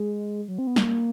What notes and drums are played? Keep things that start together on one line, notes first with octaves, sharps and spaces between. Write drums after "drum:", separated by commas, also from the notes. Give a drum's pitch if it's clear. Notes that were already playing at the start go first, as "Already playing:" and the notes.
Already playing: G#3
F#3
C4
B3
A#3, drum: snare